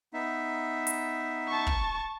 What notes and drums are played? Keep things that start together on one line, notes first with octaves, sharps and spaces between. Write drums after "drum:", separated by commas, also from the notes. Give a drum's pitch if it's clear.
B3 D#4 E5
drum: hi-hat
A5 C#6
drum: kick